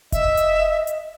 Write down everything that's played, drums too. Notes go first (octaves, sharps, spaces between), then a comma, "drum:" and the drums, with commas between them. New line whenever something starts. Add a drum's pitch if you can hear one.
D#5 E5, drum: kick F1, hi-hat
drum: hi-hat
drum: hi-hat